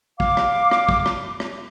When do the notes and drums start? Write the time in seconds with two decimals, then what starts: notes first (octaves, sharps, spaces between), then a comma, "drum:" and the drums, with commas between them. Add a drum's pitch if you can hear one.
0.20 F5 D6, drum: kick
0.37 drum: rim click
0.71 drum: rim click
0.89 drum: kick
1.06 drum: rim click
1.40 drum: rim click